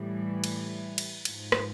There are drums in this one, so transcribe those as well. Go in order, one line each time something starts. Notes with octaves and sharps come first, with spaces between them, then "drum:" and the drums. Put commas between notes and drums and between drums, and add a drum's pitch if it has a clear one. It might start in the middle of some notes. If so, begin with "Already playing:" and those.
Already playing: A2 E3 G3
drum: cymbal
drum: cymbal
G#2 F3, drum: cymbal
drum: rim click